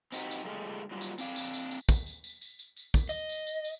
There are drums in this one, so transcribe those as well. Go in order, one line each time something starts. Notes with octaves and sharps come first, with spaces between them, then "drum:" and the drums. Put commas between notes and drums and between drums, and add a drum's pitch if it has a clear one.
C4 D#4 F#4 G4 A#4, drum: tambourine
drum: tambourine
D3 G#3 A3 F4 G4
F#3 G3 F4 G4
drum: tambourine
C4 D4 F5, drum: tambourine
drum: tambourine
drum: tambourine
drum: tambourine
drum: kick, tambourine
drum: tambourine
drum: tambourine
drum: tambourine
drum: tambourine
drum: tambourine
drum: kick, tambourine
D#5, drum: tambourine
drum: tambourine
drum: tambourine
drum: tambourine